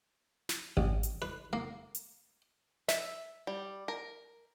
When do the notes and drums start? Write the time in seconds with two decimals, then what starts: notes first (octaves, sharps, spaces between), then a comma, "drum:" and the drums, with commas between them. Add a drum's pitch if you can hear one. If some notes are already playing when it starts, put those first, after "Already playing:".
0.49 drum: snare
0.77 A1, drum: kick G#1
1.03 drum: hi-hat
1.22 B4
1.53 A#3
1.95 drum: hi-hat
2.88 E5, drum: snare
3.47 G3
3.88 A#4